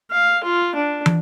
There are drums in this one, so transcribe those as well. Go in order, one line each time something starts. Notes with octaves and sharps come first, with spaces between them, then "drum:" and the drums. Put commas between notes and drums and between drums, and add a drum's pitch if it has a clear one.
F5
F4
D4
drum: tom